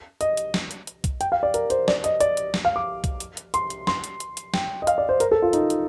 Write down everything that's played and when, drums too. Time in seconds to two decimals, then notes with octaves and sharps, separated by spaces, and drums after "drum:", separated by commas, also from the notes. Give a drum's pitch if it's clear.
0.21 D#5, drum: hi-hat
0.37 drum: hi-hat
0.54 drum: snare
0.71 drum: hi-hat
0.87 drum: hi-hat
1.04 drum: kick B1, hi-hat
1.21 G5, drum: hi-hat
1.32 F5
1.43 D5
1.54 A#4, drum: hi-hat
1.70 C5, drum: hi-hat
1.88 D5, drum: snare
2.04 D#5, drum: hi-hat
2.20 D5, drum: hi-hat
2.37 drum: hi-hat
2.54 drum: snare
2.65 F5
2.76 D6
3.04 drum: kick B1, hi-hat
3.20 drum: hi-hat
3.37 drum: hi-hat
3.54 C6, drum: hi-hat
3.70 drum: hi-hat
3.87 C6, drum: snare
4.04 drum: hi-hat
4.20 drum: hi-hat
4.37 drum: hi-hat
4.54 G5, drum: snare
4.82 D#5
4.87 F5, drum: hi-hat
4.98 D5
5.09 C5
5.20 A#4, drum: hi-hat
5.32 A4
5.42 F4
5.53 D#4, drum: hi-hat
5.70 drum: hi-hat